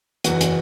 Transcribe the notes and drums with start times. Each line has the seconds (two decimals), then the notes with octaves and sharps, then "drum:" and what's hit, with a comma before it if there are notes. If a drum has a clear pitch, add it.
0.24 F#1 E2 E3 F#4, drum: hi-hat
0.41 drum: hi-hat